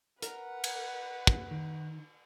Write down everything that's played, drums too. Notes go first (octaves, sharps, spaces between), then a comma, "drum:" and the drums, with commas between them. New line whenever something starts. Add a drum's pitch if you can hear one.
A#4 B4 F#5, drum: hi-hat
drum: cymbal
drum: kick
D#3